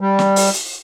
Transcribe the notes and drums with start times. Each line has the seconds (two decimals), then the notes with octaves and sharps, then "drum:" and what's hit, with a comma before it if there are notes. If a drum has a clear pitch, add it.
0.01 G3
0.19 drum: snare
0.36 drum: open hi-hat
0.53 drum: hi-hat